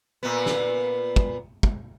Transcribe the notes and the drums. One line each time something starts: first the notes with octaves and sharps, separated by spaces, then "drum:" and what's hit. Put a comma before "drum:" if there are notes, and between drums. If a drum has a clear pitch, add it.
A#2 B3
drum: snare
drum: kick
drum: kick